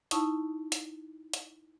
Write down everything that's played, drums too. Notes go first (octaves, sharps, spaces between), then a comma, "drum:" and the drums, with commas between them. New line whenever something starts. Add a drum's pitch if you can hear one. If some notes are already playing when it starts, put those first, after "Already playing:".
D#4 E4 A5 C#6 D#6, drum: hi-hat
drum: hi-hat
drum: hi-hat